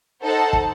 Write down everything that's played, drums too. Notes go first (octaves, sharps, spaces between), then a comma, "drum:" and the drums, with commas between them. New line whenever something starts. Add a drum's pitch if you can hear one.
D#4 A4 C5 F#5 A5
drum: kick